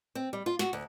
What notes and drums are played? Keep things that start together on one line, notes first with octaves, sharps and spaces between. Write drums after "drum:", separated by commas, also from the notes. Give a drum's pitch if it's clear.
C4
G3
F4
F#4, drum: snare
D2